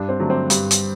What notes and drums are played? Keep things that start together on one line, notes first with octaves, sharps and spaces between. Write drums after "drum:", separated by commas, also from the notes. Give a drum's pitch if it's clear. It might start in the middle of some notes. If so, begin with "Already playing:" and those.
Already playing: G2 D4
C4
D3 F#3 A3
C4
G2, drum: hi-hat
drum: hi-hat